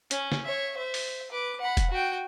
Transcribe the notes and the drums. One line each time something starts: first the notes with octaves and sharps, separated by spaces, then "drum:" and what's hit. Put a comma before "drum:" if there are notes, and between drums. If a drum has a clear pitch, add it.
C#4, drum: hi-hat
drum: snare
C#5 E5
C5 E5
drum: open hi-hat
B4 D6
F#5 B5
drum: kick E1, hi-hat
F#4 G5